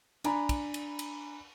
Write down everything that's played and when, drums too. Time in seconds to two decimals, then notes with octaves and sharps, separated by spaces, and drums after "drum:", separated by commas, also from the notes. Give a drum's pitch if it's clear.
0.24 D4 G#5 A#5 B5, drum: cymbal
0.49 drum: kick, cymbal
0.74 drum: cymbal
0.99 drum: cymbal